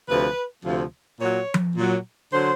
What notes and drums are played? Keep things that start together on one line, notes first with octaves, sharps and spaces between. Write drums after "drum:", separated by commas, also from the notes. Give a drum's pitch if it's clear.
D2 C3 F3 B4
D2 C3 F3
A#2 F#3 C#5
drum: tom F3
A#2 F#3
D3 F#3 C5